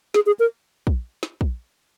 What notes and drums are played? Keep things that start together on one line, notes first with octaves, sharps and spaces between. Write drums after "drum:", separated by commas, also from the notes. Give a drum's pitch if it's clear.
G#4, drum: snare
G#4
A#4
drum: kick
drum: snare
drum: kick